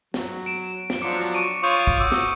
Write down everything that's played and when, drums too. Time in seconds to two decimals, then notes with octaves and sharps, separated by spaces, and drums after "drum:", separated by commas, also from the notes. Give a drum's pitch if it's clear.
0.14 F#3, drum: snare
0.46 D7 E7
0.90 drum: snare
1.02 F3 F#3 D4 D6 C#7
1.35 C#6 D7 D#7
1.63 F4 C#5 C#6 D#6 G6
1.87 drum: kick
2.00 F#4 D6 E6
2.12 drum: snare